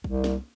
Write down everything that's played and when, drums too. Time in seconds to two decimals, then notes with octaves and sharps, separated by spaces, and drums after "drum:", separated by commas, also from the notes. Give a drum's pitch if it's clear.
0.04 C2, drum: kick
0.24 drum: snare